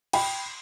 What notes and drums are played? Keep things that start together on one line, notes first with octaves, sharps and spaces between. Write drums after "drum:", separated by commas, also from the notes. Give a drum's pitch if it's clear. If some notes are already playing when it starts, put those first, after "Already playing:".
G5 B5, drum: cymbal